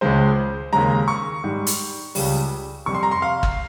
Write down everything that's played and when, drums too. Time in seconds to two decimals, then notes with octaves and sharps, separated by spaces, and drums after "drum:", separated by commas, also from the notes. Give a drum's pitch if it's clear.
0.01 C#2 C#3 G#3 C5
0.73 D#2 C#3 G#3 A#5
1.08 C#6
1.44 G#2 G3
1.67 drum: hi-hat
2.15 C#2 C#3 G3, drum: open hi-hat
2.86 F2 C3 G3 C#6
2.95 C6
3.03 A#5
3.11 C6
3.22 F5
3.43 drum: kick